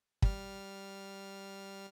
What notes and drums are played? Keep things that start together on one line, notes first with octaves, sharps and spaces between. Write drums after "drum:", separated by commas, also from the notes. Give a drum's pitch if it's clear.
G3 F6, drum: kick